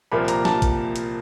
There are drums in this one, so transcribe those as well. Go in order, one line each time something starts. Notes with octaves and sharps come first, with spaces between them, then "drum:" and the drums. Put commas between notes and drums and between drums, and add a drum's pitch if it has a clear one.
C2 A#2 F3 A#3 B5
A#5, drum: hi-hat
A5, drum: snare
drum: kick, hi-hat
drum: hi-hat